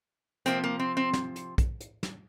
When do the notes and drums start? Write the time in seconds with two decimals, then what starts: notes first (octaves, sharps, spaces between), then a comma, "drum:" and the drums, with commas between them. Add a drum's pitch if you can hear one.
0.46 C3 F3 A#3 C4, drum: hi-hat
0.64 A#3
0.79 C4
0.97 C4
1.13 drum: snare
1.36 drum: hi-hat
1.58 drum: kick, hi-hat
1.80 drum: hi-hat
2.03 drum: snare